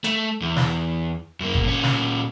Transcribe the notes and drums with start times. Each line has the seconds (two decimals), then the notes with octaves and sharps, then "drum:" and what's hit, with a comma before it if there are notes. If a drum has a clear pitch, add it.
0.04 A3, drum: hi-hat
0.42 E2
0.56 drum: snare
1.40 F#2 A#3
1.54 drum: kick G1
1.64 A#2 C#4
1.83 drum: snare